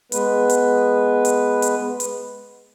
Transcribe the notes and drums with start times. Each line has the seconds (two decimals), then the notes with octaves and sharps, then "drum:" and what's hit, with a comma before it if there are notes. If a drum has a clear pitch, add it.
0.12 G#3 B3 B4, drum: hi-hat
0.49 drum: hi-hat
1.25 drum: hi-hat
1.62 drum: hi-hat
2.00 drum: hi-hat